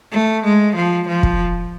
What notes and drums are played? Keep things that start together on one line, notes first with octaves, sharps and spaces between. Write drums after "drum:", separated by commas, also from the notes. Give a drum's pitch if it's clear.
A3
G#3
F3
F3
drum: kick